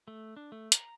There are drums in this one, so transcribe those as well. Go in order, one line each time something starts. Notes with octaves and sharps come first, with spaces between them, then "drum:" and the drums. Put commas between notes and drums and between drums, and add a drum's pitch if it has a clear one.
A3
D4
A3
A#5, drum: hi-hat